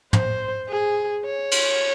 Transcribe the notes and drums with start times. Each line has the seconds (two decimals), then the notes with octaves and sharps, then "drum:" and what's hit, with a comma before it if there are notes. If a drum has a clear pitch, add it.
0.13 C5, drum: tom
0.69 G#4
1.25 C#5
1.51 drum: cymbal